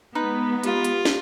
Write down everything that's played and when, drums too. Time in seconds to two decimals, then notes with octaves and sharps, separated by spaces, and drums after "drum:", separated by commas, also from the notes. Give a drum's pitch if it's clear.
0.15 G#3 B3 D#4 B4
0.64 F4 G4, drum: hi-hat
0.84 drum: hi-hat
1.05 drum: snare